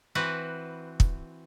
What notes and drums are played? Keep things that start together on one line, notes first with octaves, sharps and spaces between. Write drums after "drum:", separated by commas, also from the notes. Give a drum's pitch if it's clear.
E3 C4 F#4 B4
drum: kick